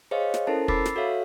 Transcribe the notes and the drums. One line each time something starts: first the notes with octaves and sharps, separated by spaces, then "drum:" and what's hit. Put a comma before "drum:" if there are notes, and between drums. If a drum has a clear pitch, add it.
G#4 C5 C#5 D#5 F5
drum: snare
C#4 E4 A4 A#4 C5 A5
B5 D6 E6 A6 B6 C7, drum: kick
drum: snare
F#4 A4 C#5 E5 F5